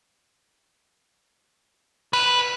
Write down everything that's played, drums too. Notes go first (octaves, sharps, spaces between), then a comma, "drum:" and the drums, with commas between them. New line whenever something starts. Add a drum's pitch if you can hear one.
B4, drum: cymbal